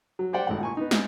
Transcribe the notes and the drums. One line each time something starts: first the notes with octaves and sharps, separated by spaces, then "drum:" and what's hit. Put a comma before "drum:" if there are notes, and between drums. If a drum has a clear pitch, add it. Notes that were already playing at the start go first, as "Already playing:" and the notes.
F#3
G4 C5 D5 F#5 G5
G#1 A2 F#5
A#2 G#5 C#6
B3 D#4
G#3, drum: snare